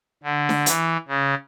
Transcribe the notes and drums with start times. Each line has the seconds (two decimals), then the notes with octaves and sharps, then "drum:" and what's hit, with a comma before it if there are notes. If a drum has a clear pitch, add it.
0.23 D3
0.49 drum: snare D4
0.66 E3, drum: hi-hat
1.08 C#3